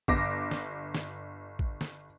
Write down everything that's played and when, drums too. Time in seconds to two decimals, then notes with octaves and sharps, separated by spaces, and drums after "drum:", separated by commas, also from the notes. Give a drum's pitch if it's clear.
0.08 G1 D6 A#6, drum: kick
0.51 drum: snare
0.95 drum: snare
1.59 drum: kick
1.81 drum: snare